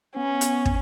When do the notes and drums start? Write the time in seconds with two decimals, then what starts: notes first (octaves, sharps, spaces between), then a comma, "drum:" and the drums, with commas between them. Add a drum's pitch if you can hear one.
0.16 B3 C#4
0.41 drum: hi-hat
0.65 drum: kick